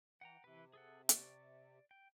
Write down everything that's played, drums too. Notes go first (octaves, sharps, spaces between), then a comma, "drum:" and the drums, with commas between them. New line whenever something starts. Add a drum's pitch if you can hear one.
E3 F#5 G5 A#5
C3 E3 B4
G#4 A4 F#5
D5 C#6, drum: hi-hat
G5